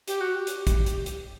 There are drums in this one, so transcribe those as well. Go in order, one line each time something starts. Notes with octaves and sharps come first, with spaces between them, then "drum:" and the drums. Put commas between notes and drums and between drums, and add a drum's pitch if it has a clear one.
G4, drum: hi-hat
F#4
G4
drum: hi-hat
drum: kick, hi-hat
drum: hi-hat
drum: hi-hat